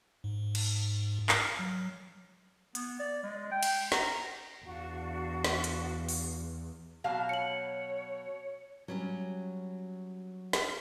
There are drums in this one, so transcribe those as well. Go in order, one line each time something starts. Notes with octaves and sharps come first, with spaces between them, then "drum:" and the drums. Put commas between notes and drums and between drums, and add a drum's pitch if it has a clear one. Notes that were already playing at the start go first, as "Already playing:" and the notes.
G#2
drum: cymbal
F6, drum: clap
F#3
B3, drum: hi-hat
D5
G#3
G5
drum: cymbal
A#5, drum: snare
E2 D4 F#4 F5
drum: snare
drum: hi-hat
drum: open hi-hat
B2 F#3 F5 A5
C#5 C#7 F#7
F#3 G3 C#4
drum: snare